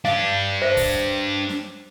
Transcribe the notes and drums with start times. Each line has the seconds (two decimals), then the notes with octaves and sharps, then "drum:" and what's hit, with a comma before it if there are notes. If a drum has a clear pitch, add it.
0.05 D4 G4 F5, drum: snare
0.62 C5 E5
0.77 drum: kick, open hi-hat
1.49 drum: snare